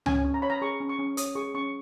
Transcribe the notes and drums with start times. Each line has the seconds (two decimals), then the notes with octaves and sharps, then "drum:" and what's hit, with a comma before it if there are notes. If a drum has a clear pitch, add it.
0.06 C#4 G#5, drum: tom C#2
0.25 C#4
0.34 A#5
0.42 C#5 B5
0.50 A#5
0.62 G#4 C#6
0.80 C#4
0.89 C#6
0.99 C#4
1.17 C#5 D#6, drum: hi-hat
1.35 G#4 C#6
1.54 C#4 C#6